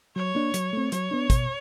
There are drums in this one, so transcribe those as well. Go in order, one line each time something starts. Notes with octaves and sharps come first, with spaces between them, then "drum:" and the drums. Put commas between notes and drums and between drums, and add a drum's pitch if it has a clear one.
F#3 C#5
A#3 D4
F#3, drum: hi-hat
A3 C4
F#3 C#5, drum: hi-hat
B3 D4
B2, drum: kick, hi-hat